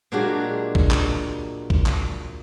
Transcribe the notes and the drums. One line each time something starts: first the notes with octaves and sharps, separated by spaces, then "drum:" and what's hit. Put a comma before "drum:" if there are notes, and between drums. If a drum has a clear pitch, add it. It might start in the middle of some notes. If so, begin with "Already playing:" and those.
A#2 F#3 G#3 D4 F#4 G4
drum: kick
drum: clap
drum: kick
drum: clap